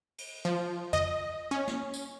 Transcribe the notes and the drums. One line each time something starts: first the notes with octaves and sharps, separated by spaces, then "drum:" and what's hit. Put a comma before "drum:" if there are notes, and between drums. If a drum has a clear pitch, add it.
drum: cymbal
F3
D#5, drum: tom
C#4
drum: snare
drum: tambourine